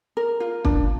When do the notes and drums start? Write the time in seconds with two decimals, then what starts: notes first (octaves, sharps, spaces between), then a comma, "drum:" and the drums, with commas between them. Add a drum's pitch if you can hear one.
0.17 A#4
0.40 F4
0.65 D4, drum: kick